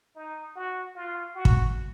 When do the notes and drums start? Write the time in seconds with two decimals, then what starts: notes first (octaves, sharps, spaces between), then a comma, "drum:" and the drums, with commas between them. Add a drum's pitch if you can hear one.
0.16 D#4
0.56 F#4
0.95 F4
1.35 F#4
1.45 drum: kick